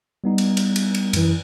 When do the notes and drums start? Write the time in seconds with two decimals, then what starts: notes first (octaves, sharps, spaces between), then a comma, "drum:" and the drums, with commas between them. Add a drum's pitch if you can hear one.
0.24 G3 B3 D#4
0.38 drum: cymbal
0.57 drum: cymbal
0.76 drum: cymbal
0.95 drum: cymbal
1.13 F#2 E3, drum: cymbal